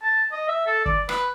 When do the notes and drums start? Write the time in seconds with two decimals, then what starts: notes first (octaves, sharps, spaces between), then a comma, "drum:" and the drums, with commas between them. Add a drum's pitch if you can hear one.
0.03 A5
0.32 D#5
0.49 E5
0.67 A4
0.86 D5, drum: kick
1.09 B4, drum: rim click